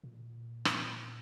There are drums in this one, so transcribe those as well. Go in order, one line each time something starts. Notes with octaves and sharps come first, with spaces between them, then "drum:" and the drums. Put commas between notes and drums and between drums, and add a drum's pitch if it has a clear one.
A#2
drum: rim click